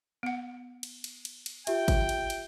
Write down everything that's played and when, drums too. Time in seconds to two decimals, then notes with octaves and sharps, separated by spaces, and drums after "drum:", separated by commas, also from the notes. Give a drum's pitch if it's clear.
0.23 B3 F#5
0.83 drum: cymbal
1.04 drum: cymbal
1.25 drum: cymbal
1.46 drum: cymbal
1.67 F4 G4 E5 G5, drum: cymbal
1.88 drum: kick, cymbal
2.09 drum: cymbal
2.30 drum: cymbal